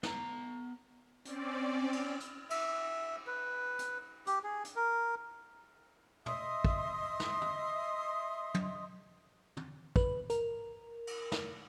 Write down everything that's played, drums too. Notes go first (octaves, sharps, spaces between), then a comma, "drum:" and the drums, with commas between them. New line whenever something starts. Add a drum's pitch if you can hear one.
B3 A#5, drum: snare
C4 C#4 D5, drum: hi-hat
drum: cymbal
drum: hi-hat
E5, drum: cymbal
B4
drum: hi-hat
G4, drum: hi-hat
G#4
drum: hi-hat
A#4
D#5 E5 C6 D#6, drum: tom
drum: kick
drum: snare
drum: tom
drum: tom
drum: tom
B4, drum: kick
A#4, drum: hi-hat
drum: cymbal
drum: snare